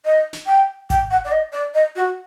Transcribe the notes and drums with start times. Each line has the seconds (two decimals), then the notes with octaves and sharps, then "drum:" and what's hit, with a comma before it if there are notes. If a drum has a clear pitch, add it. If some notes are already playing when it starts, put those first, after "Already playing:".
0.05 D#5
0.33 drum: snare
0.46 G5
0.90 G5, drum: kick G#1, hi-hat
1.11 F#5
1.25 D5
1.32 D#5
1.53 D5
1.74 D#5
1.96 F#4